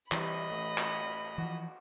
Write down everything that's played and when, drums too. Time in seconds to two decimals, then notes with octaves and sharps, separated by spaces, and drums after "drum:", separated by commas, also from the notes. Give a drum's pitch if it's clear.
0.12 C3 E3 G3 B4 D#5 B5, drum: clap
0.50 A1
0.78 drum: clap
1.38 E3 F3 F#4